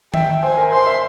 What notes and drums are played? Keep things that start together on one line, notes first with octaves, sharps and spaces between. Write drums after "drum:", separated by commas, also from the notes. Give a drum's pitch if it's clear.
E5 G5, drum: tom D#3
C5 G#5
A#4
C5 C6
E5